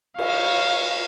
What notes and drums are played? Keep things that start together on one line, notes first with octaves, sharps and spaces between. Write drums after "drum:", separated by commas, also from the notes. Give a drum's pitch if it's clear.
C#5 F5, drum: cymbal